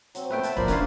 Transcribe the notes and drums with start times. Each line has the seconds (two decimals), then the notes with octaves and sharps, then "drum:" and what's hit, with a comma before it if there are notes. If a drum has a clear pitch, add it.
0.15 F#3 C4, drum: hi-hat
0.31 A#2 A3 B3 B4 E5 G5
0.43 A5, drum: hi-hat
0.57 G#2 F3 A#3 A#4 C5 D5 B5, drum: kick
0.68 C#4 D4 B4 C#5 F5, drum: kick, hi-hat